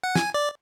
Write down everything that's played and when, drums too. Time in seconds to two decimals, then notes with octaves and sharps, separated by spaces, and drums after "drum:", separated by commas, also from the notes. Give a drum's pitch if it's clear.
0.04 F#5
0.15 G#5, drum: snare
0.34 D5